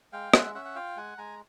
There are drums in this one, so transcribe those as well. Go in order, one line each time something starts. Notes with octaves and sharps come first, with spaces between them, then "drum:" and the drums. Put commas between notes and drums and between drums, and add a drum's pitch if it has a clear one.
G#3 F5 G5
G#3 E5 F#5, drum: rim click
C#4 E5 F#5
F#5
F4 F5 G5
G#3 F#5 G#5
G#3 G#5 A#5